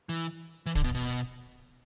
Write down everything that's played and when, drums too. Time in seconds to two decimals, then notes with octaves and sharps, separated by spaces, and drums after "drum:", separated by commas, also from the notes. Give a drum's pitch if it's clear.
0.09 E3
0.66 E3
0.75 D3, drum: kick
0.84 B2
0.95 B2